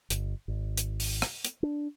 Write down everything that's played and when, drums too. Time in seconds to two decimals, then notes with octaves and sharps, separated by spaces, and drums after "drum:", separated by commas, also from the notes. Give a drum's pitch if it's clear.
0.10 G1, drum: hi-hat
0.48 G#1
0.77 drum: hi-hat
1.00 drum: open hi-hat
1.22 drum: rim click
1.45 drum: hi-hat
1.63 D4